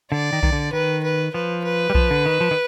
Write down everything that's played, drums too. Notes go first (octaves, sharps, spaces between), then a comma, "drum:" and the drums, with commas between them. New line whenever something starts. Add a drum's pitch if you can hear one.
D3 D5
D#3
D#3, drum: kick B1
D3
D#3 B4
B4
F3 B4
B4
G3
F3, drum: kick B1
D3
D#3
F3
D#3